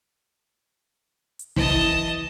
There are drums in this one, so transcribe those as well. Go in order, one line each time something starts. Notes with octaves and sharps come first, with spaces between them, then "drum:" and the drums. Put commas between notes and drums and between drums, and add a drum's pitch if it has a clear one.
drum: hi-hat
E3 D#5 A5, drum: kick
drum: kick